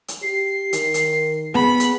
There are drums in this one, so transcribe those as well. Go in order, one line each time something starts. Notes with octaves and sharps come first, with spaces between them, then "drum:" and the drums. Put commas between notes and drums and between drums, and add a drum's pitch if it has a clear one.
drum: hi-hat
G4 C7
D#3, drum: hi-hat
drum: hi-hat
B3 G#4 B5
drum: hi-hat